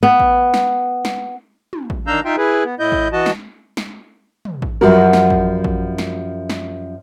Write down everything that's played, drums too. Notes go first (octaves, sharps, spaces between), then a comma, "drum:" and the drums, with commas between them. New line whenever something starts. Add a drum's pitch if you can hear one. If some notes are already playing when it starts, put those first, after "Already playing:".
B3
drum: kick A1
drum: snare
drum: snare
drum: tom
drum: kick A1
D#3 D4 F5 A#5 E6 G6
D#4 F4 E5 G5 C6
E4 G#4 B4
B3
A2 E4 D#5 G6
drum: kick A1
E3 F#4 D#5 A5
drum: snare
drum: snare
drum: tom
drum: kick A1
F#2 F3 G3 F#4 A#4
drum: snare
drum: kick A1
drum: kick A1
drum: snare
drum: snare